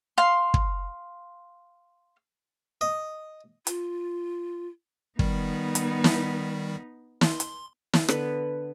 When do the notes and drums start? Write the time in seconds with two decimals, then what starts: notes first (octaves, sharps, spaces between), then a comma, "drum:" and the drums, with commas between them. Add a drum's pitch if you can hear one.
0.18 F5 C6
0.54 drum: kick
2.81 D#5
3.67 F4, drum: hi-hat
5.19 D#3 G3 B3 D#4, drum: kick
5.75 drum: hi-hat
6.04 drum: snare
7.21 C6, drum: snare
7.40 drum: hi-hat
7.93 drum: snare
8.08 D3 B3 B4, drum: rim click